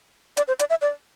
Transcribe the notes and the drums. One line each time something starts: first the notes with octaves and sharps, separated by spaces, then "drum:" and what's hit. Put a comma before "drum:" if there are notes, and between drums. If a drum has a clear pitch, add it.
D5, drum: hi-hat
C5
D5, drum: hi-hat
E5
D5